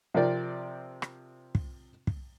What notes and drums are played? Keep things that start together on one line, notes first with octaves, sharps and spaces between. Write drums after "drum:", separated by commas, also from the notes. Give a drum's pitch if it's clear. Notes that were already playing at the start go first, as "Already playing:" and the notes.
C3 F3 C4 A#4 D5
drum: rim click
drum: kick
drum: kick